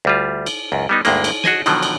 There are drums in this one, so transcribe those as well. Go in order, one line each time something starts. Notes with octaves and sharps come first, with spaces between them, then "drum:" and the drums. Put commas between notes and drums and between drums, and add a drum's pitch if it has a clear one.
D2 G3 F4
drum: cymbal
C#2 F#2
G3 B3 D#4
D2 G2 G#3 A#3, drum: cymbal
drum: cymbal
F#4 G#4 D#5 G#5, drum: snare
B2 D3 D#3 F3 F#3, drum: cymbal
drum: cymbal